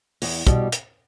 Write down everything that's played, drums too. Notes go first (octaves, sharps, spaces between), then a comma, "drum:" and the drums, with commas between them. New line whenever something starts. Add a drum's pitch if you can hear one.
E2, drum: open hi-hat
B2 G3, drum: kick, hi-hat
drum: hi-hat